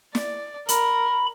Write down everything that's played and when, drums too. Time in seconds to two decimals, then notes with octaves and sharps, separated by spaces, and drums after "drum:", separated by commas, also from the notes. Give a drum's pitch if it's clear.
0.15 D5, drum: snare
0.69 A#4 B5, drum: hi-hat